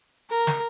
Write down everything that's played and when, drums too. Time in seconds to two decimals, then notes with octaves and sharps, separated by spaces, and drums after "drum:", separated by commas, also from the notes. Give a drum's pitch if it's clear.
0.30 A#4
0.47 drum: snare